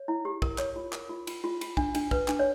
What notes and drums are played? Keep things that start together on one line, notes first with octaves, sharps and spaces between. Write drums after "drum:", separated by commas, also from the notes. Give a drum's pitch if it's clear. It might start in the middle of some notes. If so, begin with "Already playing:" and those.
Already playing: C#5
E4
G4
A#4, drum: kick
C#5, drum: clap
F4
A#4, drum: clap
F4
F4, drum: cymbal
F4
F4, drum: cymbal
D4, drum: kick
D4, drum: cymbal
B4, drum: kick
D4, drum: clap
C#5